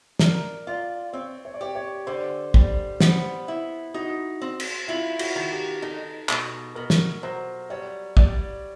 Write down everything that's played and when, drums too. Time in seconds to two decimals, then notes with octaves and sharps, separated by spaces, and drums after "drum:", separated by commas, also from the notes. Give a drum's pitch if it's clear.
0.19 A#4 D5, drum: snare
0.67 F4 D5
1.13 C4 C#5
1.45 C#5
1.54 D5
1.61 G4 C#5
1.75 C#5
2.07 D3 C5
2.54 G3, drum: kick
3.00 B3 C5, drum: snare
3.48 E4
3.94 D#4 F#4
4.42 C4
4.60 drum: cymbal
4.88 E4 F4
5.19 F#4, drum: cymbal
5.35 D#3
5.52 G4
5.82 D#4 A4
6.29 B2, drum: clap
6.75 B2 A#4
6.90 drum: snare
7.23 F#3 C5
7.70 G3 C#5
8.17 G3 D5, drum: kick